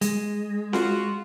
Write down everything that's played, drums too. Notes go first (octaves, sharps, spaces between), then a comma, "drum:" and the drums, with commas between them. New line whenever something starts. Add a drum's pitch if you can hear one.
G#3, drum: hi-hat
F4 F#4, drum: snare C4